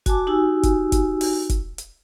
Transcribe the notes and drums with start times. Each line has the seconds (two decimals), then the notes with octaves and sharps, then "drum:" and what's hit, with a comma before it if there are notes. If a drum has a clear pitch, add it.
0.06 F#4 G#5 A5 D6, drum: kick, hi-hat
0.27 D#4 F#4 G4 G#5 E6
0.63 drum: kick, hi-hat
0.92 drum: kick, hi-hat
1.21 drum: open hi-hat
1.49 drum: kick, hi-hat
1.78 drum: hi-hat